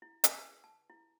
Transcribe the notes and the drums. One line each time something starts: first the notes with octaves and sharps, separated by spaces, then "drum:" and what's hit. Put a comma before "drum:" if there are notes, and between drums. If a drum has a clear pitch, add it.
E4
G#4, drum: hi-hat
B4
A5
E4